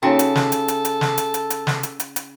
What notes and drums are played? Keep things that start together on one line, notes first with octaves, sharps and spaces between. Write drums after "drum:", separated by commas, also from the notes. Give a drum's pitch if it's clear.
C#3 A#3 D#4 F#4 A4 C#5 G5
drum: hi-hat
drum: snare
drum: hi-hat
drum: hi-hat
drum: hi-hat
drum: snare
drum: hi-hat
drum: hi-hat
drum: hi-hat
drum: snare
drum: hi-hat
drum: hi-hat
drum: hi-hat